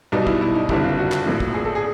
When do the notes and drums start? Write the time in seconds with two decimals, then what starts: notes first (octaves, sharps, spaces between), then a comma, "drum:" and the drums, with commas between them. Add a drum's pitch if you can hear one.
0.12 B1 B2 G3 D#4
0.27 E4, drum: kick
0.41 E4
0.55 D#4
0.69 F#1 F2 D3 G3 E4, drum: kick
0.83 F4
0.98 F#4
1.12 drum: clap
1.26 A#1 A2 F3
1.40 drum: kick
1.54 G#4
1.65 A4
1.75 G#4